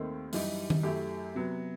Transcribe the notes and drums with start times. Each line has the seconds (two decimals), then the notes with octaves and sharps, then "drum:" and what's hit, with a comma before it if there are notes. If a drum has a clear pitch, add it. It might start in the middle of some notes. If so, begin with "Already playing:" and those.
Already playing: D#2 D#3 A3 C4
0.33 F#2 E3 G3 D#4 G4, drum: open hi-hat
0.70 drum: tom D#3
0.83 F#2 F#3 A3 E4 G4
1.35 C3 F#3 B3